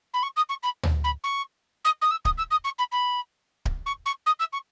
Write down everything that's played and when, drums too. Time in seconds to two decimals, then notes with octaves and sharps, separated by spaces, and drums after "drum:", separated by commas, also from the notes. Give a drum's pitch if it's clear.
0.14 B5
0.23 C#6
0.36 D#6
0.49 C#6
0.63 B5
0.83 drum: tom
1.04 B5
1.24 C#6
1.85 D#6
2.02 D#6
2.11 E6
2.25 D#6, drum: kick D1
2.38 E6
2.51 D#6
2.64 C#6
2.79 B5
2.92 B5
3.65 drum: kick D1
3.86 C#6
4.06 C#6
4.26 D#6
4.39 E6
4.53 C#6